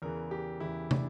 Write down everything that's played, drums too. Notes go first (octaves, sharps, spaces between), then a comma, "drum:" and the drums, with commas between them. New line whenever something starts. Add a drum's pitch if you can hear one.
E2 C#3 E3 A#4
G4
E2 C#3 E3 E4
D4, drum: tom